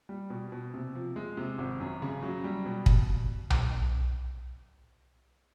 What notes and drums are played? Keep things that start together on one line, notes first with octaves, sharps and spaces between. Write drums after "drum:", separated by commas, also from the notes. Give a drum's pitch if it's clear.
G3
B2
B2
C3
F3
G#3
C3
G#1
F#2
C#3
F#3
G3
B2
drum: kick
drum: tom B1